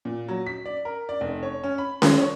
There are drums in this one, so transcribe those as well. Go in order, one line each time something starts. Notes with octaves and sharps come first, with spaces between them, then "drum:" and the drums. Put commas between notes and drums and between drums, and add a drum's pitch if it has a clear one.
A#2
F#3
B6
D5
A#4
D5
F1
C#5
C#4
B5
C#4, drum: snare C#4
C#5